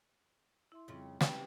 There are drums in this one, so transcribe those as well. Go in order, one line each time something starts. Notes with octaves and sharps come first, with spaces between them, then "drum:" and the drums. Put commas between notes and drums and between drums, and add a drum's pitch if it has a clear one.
E4 E5 C6
F2 C#3 G3 C4 F4
C#4 G4 B4, drum: snare